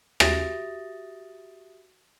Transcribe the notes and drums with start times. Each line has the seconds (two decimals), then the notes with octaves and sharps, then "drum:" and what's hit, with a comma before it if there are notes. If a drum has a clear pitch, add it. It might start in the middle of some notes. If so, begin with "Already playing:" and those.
0.20 F#4 G4 E5 D#6 A6 A#6, drum: rim click